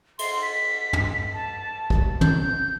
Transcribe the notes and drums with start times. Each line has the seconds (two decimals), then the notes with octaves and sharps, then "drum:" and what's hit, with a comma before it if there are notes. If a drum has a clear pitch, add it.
0.19 C6, drum: cymbal
0.42 B6
0.93 drum: tom
1.34 A5
1.90 drum: kick
2.21 G6, drum: tom